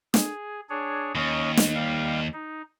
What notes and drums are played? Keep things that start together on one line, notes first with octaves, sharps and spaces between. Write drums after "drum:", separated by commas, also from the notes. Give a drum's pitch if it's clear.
G#4, drum: snare
D4 G#4 C#5
D#2 C#4 C#5 D#5
drum: snare
G3 F5
D#4